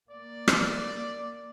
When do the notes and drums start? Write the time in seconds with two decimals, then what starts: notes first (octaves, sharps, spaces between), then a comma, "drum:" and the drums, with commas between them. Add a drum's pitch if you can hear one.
0.11 A#3 D5
0.48 drum: rim click